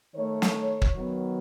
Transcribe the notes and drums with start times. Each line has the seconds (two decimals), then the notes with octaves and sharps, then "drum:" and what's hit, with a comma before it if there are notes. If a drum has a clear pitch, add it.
0.15 D#3 A3 C#5
0.42 drum: snare
0.82 drum: kick
0.94 D#3 F#3 B3